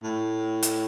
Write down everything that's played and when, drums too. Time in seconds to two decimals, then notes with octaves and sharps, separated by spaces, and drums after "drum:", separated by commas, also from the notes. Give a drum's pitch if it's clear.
0.04 A2
0.63 drum: hi-hat